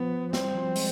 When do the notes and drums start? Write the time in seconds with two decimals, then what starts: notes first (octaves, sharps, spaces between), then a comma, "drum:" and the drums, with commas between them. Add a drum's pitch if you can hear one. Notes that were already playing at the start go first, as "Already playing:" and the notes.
Already playing: F3 B3
0.33 G3 C4, drum: snare
0.54 F3
0.76 G#3, drum: open hi-hat